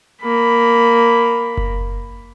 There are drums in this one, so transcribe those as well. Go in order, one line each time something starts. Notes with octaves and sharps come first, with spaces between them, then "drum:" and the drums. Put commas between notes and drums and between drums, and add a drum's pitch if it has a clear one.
A#3 B5
drum: kick F#1